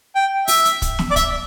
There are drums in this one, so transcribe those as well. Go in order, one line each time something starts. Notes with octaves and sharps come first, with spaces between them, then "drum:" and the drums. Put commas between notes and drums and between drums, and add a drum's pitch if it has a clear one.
G5
E5, drum: open hi-hat
drum: hi-hat
drum: kick, hi-hat
drum: snare
D5
E5, drum: kick, hi-hat